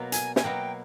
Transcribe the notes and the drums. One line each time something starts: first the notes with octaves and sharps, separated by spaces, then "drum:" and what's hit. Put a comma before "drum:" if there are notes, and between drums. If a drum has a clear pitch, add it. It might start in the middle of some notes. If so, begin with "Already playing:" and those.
Already playing: B2 F#3 A#3
G#5, drum: hi-hat
G#5, drum: snare
B2 F#3 A#3 G5